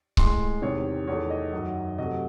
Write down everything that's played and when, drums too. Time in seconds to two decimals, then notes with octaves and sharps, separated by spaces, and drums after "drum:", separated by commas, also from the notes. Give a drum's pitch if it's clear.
0.17 A2 G#3 C6, drum: kick C#1
0.62 E2 C3 D#3 C#5
1.07 E2 D#3 A3 C#5
1.30 D#5
1.52 F#2 D#3 F#3
1.98 C3 F#3 A3 D#5